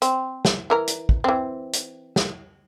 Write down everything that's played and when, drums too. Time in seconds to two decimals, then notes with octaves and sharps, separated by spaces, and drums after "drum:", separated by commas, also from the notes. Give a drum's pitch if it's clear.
0.02 C4, drum: hi-hat
0.45 drum: snare
0.70 E3 A#4 A#5
0.88 drum: hi-hat
1.09 drum: kick
1.24 E3 C4
1.73 drum: hi-hat
2.16 drum: snare